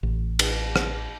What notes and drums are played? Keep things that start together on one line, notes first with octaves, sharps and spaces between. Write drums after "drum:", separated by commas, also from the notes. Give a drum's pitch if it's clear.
A1
drum: cymbal
drum: rim click